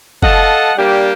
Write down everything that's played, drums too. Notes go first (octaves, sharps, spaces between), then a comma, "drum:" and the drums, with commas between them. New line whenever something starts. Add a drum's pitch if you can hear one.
A4 D#5 F5 F#5 A5, drum: kick F#1
G3 A#3 D4 G4